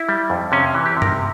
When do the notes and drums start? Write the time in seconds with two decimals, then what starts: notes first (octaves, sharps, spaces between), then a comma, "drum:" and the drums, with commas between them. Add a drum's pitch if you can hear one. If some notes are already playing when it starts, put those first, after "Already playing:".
Already playing: E4
0.09 G3
0.30 F2
0.52 C3 C#4
0.74 E3
0.86 G4
0.97 C3
1.02 A#4, drum: tom G2